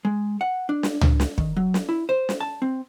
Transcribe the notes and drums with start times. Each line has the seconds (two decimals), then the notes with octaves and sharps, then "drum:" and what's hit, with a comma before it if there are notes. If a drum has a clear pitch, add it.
0.05 G#3
0.41 F#5
0.69 D4
0.83 drum: snare
1.01 drum: tom C#2
1.20 drum: snare
1.38 D#3, drum: kick
1.56 F#3
1.74 drum: snare
1.89 E4
2.09 C5
2.29 drum: snare
2.41 A5
2.62 C4